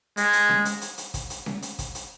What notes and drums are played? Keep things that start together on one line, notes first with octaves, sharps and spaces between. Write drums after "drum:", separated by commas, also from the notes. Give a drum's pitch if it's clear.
G#3, drum: hi-hat
drum: hi-hat
drum: snare C#4
drum: hi-hat
drum: hi-hat
drum: hi-hat
drum: kick, hi-hat
drum: hi-hat
drum: snare C#4
drum: hi-hat
drum: kick, hi-hat
drum: hi-hat